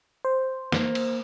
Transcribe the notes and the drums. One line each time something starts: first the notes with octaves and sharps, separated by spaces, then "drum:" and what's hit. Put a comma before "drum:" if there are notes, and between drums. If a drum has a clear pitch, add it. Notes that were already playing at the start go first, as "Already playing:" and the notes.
C5
A#3, drum: snare
drum: cymbal